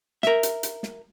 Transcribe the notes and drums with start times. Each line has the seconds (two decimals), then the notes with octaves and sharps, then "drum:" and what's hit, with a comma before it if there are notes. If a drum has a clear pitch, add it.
0.23 A#4 E5, drum: snare
0.43 drum: hi-hat
0.63 drum: hi-hat
0.83 drum: snare